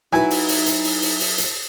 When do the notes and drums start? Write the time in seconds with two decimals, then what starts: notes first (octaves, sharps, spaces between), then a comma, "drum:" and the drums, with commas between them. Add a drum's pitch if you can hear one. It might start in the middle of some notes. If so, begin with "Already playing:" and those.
0.13 F#3 D#4 E4 B4 G#5
0.31 drum: open hi-hat
0.48 drum: open hi-hat
0.66 drum: hi-hat
0.84 drum: open hi-hat
1.02 drum: open hi-hat
1.20 drum: open hi-hat
1.38 drum: hi-hat